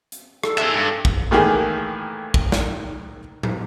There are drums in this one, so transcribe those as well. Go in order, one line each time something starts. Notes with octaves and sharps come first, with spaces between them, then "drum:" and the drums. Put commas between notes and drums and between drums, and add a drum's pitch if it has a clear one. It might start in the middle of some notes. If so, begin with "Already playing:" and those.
drum: hi-hat
A4, drum: rim click
G#4 E5, drum: clap
G2
drum: kick A1
A2 D#3 E3 A#3 G4 G#4
drum: kick A1
drum: snare
drum: tom A2